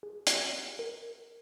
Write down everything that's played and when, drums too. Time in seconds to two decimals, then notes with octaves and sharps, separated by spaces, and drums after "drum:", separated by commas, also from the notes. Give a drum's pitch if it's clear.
0.03 G#4
0.26 drum: hi-hat
0.79 A#4